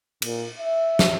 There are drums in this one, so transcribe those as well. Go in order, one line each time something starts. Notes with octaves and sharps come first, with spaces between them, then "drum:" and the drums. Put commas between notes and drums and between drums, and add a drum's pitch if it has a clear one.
A#2, drum: cymbal
E5
drum: snare